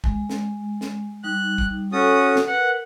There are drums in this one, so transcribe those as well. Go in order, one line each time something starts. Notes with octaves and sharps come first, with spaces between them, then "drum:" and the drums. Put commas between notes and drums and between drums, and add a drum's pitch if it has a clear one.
G#3, drum: kick
drum: snare
drum: snare
G3 D#4 F#6
drum: kick
C#4 F#4 A4 D#6
drum: snare
A#4 B4 F#5